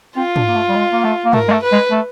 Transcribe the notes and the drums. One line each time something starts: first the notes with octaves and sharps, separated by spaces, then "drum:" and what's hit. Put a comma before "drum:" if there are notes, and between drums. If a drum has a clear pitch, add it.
C4 F4
D4, drum: tom
A#3
A3
G3
G#3
A#3
A3
A#3
A3 A#4, drum: tom
G#3
A3
B4
G#3
A3